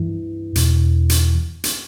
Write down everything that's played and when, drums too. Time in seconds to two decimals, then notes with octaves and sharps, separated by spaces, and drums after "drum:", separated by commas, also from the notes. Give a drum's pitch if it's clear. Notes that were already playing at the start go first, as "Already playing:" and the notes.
Already playing: G2 E3
0.55 E2 B2, drum: hi-hat
1.09 drum: hi-hat
1.64 drum: hi-hat